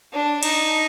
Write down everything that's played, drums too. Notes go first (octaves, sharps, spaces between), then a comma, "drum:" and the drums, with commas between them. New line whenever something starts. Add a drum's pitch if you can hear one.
D4
D#4, drum: cymbal